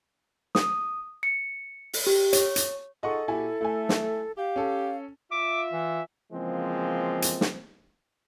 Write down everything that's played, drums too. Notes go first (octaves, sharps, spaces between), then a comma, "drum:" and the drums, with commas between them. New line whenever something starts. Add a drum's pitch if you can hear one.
D#6, drum: snare
C#7
drum: open hi-hat
G4
C#5, drum: hi-hat
drum: hi-hat
D#4 F4 G#4 A4 D#5 F#5 C#6
A#2 E4 F#4 G4 G#5
A3 E4 G#5
drum: snare
G4 F5
C#4 A4
F4 E5 D6
E3
C#3 E3 F3 G#3 A#3 C4
drum: hi-hat
drum: snare